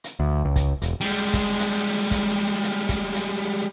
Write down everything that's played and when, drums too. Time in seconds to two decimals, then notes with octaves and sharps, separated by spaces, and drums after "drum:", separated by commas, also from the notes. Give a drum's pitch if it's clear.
0.04 drum: hi-hat
0.20 D2
0.45 C#2
0.56 drum: kick, hi-hat
0.82 E1, drum: hi-hat
1.01 G3 G#3
1.33 drum: kick, hi-hat
1.59 drum: hi-hat
2.11 drum: kick, hi-hat
2.63 drum: hi-hat
2.89 drum: kick, hi-hat
3.15 drum: hi-hat